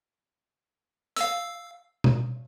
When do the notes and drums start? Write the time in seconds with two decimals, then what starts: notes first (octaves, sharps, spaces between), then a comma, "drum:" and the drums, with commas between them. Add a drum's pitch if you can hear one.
1.16 F5 E6, drum: hi-hat
2.04 drum: tom B2